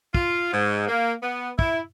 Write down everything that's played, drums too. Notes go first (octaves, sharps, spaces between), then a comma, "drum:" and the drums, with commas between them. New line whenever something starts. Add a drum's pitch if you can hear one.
F4, drum: kick
G#2
A#3
B3
E4, drum: kick